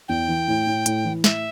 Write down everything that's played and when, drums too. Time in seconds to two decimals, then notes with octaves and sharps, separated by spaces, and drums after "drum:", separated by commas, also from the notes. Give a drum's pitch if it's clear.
0.08 E2 G5
0.28 E3
0.48 A2
0.67 A2
0.86 A2, drum: hi-hat
1.04 E3
1.24 A2 E5, drum: snare